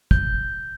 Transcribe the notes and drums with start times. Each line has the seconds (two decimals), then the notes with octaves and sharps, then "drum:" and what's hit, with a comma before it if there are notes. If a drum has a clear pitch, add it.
0.11 G6, drum: kick